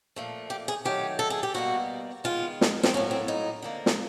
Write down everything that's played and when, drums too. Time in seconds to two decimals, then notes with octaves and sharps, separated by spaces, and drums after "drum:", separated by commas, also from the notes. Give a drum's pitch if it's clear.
0.16 A#2 F3 A3
0.50 G4
0.68 G#4
0.85 D#3 F#3 A3 G4
1.19 A4
1.30 G#4
1.43 G4
1.54 B2 G3 A#3 F#4
2.24 D#3 G#3 B3 F4
2.61 drum: snare
2.83 C4, drum: snare
2.93 A2 F#3 A#3 C#4
3.11 C4
3.28 D#4
3.62 D3 F3 A#3
3.86 drum: snare